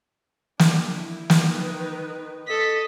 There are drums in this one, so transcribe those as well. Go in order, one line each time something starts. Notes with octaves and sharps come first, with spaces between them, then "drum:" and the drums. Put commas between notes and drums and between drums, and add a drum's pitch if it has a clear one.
D4, drum: snare
E4
drum: snare
D#3 B4
A4 D#5 B6